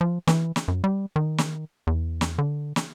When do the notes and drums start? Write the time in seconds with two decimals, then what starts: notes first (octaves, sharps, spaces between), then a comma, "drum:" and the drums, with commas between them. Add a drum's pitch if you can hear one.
0.01 F3
0.27 E3, drum: snare
0.56 drum: snare
0.68 F#2
0.84 G3
1.16 D#3
1.38 drum: snare
1.87 E2
2.21 drum: snare
2.38 D3
2.76 drum: snare